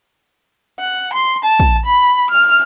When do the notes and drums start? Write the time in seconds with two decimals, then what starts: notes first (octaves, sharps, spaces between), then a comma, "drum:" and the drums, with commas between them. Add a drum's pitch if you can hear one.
0.79 F#5
1.13 C6
1.44 A5
1.60 drum: kick
1.85 B5
2.30 F6